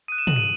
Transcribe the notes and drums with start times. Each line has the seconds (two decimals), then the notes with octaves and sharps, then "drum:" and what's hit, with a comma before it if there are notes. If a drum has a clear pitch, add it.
0.08 D#6 F#6 D#7
0.18 E7
0.27 F#7, drum: tom
0.36 D#7